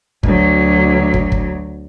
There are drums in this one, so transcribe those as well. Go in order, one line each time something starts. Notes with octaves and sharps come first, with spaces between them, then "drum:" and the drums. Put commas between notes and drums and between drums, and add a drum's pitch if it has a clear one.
D2 F#3, drum: kick
drum: kick
drum: kick